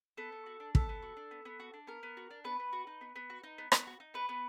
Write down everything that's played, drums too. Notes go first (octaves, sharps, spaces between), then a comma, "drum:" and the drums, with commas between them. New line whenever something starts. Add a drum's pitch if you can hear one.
B3 A4
B3
F#4
D4
B3 A4, drum: kick
B3
F#4
D4
B3
B3
F#4
D4
B3 A#4
B3
F#4
D4
B3 B4
B3
F#4
D#4
B3
B3
F#4
D#4
B3
B3, drum: rim click
F#4
D#4
B3 B4
B3